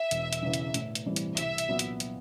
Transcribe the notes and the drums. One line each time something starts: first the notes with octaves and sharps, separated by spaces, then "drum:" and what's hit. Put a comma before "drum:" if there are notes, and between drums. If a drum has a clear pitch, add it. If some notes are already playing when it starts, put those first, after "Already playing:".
Already playing: E5
E1, drum: hi-hat
drum: hi-hat
E2 C#3 E3
drum: hi-hat
A2, drum: hi-hat
drum: hi-hat
E3 G3 C4
drum: hi-hat
C2 E5, drum: hi-hat
drum: hi-hat
A#2 F#3 B3
drum: hi-hat
drum: hi-hat